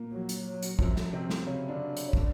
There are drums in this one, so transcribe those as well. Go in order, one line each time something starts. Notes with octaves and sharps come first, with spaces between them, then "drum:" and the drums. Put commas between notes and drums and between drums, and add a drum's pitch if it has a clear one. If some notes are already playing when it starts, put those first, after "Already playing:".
Already playing: A#2 A#3
F#3
drum: hi-hat
F#3
drum: hi-hat
F#2 F3 F#3, drum: kick
drum: snare
C3 C4
drum: snare
C#3 F#3 C#4
D3 D4
drum: hi-hat
C#4
D3 D4, drum: kick